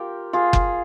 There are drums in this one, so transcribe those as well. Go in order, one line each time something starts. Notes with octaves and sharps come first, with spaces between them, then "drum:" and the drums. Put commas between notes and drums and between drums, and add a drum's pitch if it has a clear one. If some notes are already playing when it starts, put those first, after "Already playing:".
Already playing: F4 G4 A#4
F4 G#4
drum: kick F#1